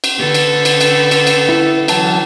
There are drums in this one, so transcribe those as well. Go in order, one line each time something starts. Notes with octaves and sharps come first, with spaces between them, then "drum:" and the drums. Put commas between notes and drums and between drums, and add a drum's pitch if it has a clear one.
drum: cymbal
D3 A4 B4
drum: cymbal
drum: cymbal
drum: cymbal
drum: cymbal
drum: cymbal
E4
E3 F#3 A5, drum: cymbal